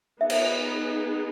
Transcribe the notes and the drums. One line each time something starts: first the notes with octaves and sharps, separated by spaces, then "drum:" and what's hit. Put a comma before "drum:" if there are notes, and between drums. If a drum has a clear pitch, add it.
B3 D#4 G#4 E5
drum: cymbal